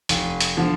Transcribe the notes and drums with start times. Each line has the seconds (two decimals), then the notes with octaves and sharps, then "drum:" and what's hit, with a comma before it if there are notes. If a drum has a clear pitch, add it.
0.09 F1, drum: hi-hat
0.41 drum: hi-hat
0.57 D3 F3